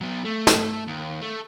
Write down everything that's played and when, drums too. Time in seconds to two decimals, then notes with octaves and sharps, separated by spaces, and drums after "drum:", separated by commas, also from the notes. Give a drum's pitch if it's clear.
0.01 F#3 B3
0.25 A3
0.47 drum: snare
0.88 D#2
1.21 A3